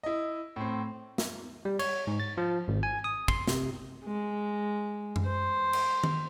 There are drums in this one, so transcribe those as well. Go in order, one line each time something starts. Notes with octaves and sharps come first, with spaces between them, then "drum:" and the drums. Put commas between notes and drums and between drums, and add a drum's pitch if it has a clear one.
E4 D#5
A2 C4
drum: snare
G3
C#5, drum: cymbal
G#2
A6
F3
G#1
G#5
D#6
C6, drum: kick
C3, drum: snare
G#3
drum: tom F#2
C5
drum: cymbal
drum: tom D#3